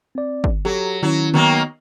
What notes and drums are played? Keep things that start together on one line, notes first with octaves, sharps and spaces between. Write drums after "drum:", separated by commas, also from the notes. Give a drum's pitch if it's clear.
C4 D5
drum: kick
F#3 G4 A4
D#3 F#3 C#4 E4
D#3 F#3 A#3 B3